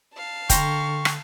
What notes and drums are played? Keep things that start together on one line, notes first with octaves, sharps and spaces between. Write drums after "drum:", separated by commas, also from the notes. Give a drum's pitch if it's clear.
F5 A5
D3 G5 A#5 C6 C#6, drum: kick E1, hi-hat
drum: rim click